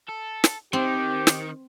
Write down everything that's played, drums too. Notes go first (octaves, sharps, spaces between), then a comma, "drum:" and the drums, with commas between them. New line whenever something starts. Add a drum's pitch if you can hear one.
A4
drum: snare
D#3 C4 G4
drum: snare